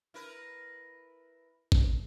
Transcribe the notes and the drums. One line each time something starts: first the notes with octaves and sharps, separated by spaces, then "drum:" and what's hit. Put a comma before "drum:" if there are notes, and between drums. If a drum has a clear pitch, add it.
E4 A#4 B4
drum: kick G#1